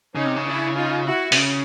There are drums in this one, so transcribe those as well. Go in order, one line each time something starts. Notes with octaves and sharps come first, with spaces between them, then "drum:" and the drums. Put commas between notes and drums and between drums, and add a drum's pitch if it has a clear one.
C#3 C#4 D#4
C3
C#3
D4 E4
D#4 F4
E4 F#4
C3, drum: open hi-hat
C#3